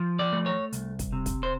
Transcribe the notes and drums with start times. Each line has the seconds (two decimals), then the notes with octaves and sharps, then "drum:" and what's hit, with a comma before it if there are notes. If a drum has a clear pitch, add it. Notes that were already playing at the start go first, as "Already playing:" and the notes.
Already playing: F3
0.19 D5
0.33 A3
0.46 C#5
0.73 C2, drum: hi-hat
0.99 drum: kick, hi-hat
1.12 C3
1.26 drum: kick, hi-hat
1.43 C5